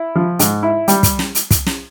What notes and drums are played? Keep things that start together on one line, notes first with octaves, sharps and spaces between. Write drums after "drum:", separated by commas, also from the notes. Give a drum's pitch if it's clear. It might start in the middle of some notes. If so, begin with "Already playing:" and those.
Already playing: E4
F3
G#2, drum: hi-hat
E4
G3, drum: hi-hat
drum: kick, hi-hat
drum: snare
drum: hi-hat
drum: kick, hi-hat
drum: snare